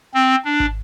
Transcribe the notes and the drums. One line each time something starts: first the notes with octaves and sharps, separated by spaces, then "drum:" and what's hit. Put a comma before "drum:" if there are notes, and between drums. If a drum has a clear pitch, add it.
C4
D4
drum: kick G#1